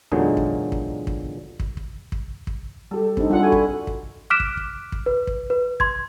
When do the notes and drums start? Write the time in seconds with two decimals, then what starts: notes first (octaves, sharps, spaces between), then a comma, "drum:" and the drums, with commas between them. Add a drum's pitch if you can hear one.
0.12 E2 A#2 D3 F#3 G#3 D#4
0.37 drum: kick
0.72 drum: kick
1.07 drum: kick
1.60 drum: kick
1.77 drum: kick
2.12 drum: kick
2.47 drum: kick
2.91 G3 G4 A4
3.17 C4 D4 D#4, drum: kick
3.30 D3 G3 C4 F4 F#5
3.42 E4 F#4 G#5
3.52 drum: kick
3.87 drum: kick
4.30 D6 F6 F#6 B6 D7 E7
4.40 drum: kick
4.57 drum: kick
4.92 drum: kick
5.06 B4
5.27 drum: kick
5.50 B4
5.80 C6 G#6, drum: kick